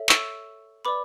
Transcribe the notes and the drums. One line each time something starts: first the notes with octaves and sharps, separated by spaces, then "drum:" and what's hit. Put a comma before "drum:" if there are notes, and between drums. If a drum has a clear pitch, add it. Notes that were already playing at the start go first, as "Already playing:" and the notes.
Already playing: A4 C#5 E5
C#6 E6, drum: clap
B4 D5 B5 D6